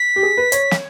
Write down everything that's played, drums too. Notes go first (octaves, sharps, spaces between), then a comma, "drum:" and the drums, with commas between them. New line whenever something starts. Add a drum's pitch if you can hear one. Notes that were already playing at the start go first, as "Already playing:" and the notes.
Already playing: B6
G4
G#4
B4
C#5, drum: hi-hat
drum: snare